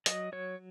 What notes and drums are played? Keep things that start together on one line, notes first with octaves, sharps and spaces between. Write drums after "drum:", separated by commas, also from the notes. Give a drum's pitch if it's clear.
F#3 D#5, drum: hi-hat
F#3 C#5